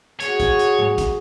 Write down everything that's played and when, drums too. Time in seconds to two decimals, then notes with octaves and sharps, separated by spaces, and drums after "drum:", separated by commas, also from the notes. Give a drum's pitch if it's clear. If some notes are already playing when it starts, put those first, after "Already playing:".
0.20 F#4 G#4 C#5, drum: hi-hat
0.40 drum: kick, hi-hat
0.59 drum: hi-hat
0.78 drum: tom
0.98 drum: kick, hi-hat